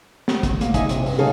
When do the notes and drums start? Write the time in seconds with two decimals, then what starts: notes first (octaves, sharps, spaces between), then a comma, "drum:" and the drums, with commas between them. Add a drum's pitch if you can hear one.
0.28 drum: snare
0.43 drum: kick, hi-hat
0.61 A#3, drum: hi-hat
0.74 D#4 E5 G#5, drum: kick, hi-hat
0.89 C3, drum: hi-hat
1.06 G2, drum: open hi-hat
1.18 D#2 C#3 D#4 A4 F5 G#5